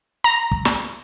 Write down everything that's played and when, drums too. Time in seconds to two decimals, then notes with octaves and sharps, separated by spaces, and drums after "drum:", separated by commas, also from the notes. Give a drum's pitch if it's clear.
0.24 A#5
0.52 drum: kick
0.65 drum: snare